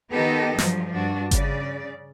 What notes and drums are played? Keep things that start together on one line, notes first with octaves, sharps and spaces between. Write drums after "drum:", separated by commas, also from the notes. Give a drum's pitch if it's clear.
D#3 B3 G4 A4 D#5
G2 F3 F#3, drum: snare
G2 D4 F#4
C#3 D5, drum: kick G1, hi-hat